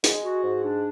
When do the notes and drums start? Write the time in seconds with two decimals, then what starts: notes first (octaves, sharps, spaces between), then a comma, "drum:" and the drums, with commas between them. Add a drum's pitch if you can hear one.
0.04 G#3, drum: hi-hat
0.23 F#4
0.43 G#2
0.63 D4